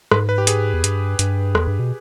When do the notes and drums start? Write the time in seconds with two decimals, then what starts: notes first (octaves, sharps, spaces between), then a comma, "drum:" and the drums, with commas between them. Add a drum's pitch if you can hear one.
0.11 G#2 B4, drum: rim click
0.29 B4
0.38 G4
0.47 G#4, drum: hi-hat
0.73 E2
0.84 G2, drum: hi-hat
1.19 G2, drum: hi-hat
1.55 E2, drum: rim click
1.67 G2
1.79 B2